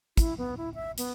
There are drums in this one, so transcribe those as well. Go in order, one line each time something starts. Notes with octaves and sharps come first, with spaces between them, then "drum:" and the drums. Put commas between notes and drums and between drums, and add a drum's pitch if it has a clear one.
E4, drum: kick, hi-hat
B3
E4
E5
B3, drum: hi-hat